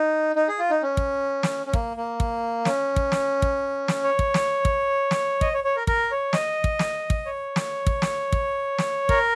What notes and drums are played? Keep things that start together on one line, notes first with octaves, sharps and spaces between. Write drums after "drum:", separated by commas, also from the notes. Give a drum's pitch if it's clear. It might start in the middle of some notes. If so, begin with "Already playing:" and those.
Already playing: D#4
D#4
G#4
F4
D#4
C#4
drum: kick
drum: snare
C#4
A#3, drum: kick
A#3
drum: kick
C#4, drum: snare
drum: kick
drum: snare
drum: kick
drum: snare
C#5
drum: kick
drum: snare
drum: kick
drum: snare
D#5, drum: kick
C#5
C#5
A#4
A#4, drum: kick
C#5
D#5, drum: snare
drum: kick
drum: snare
drum: kick
C#5
drum: snare
drum: kick
drum: snare
drum: kick
drum: snare
A#4, drum: kick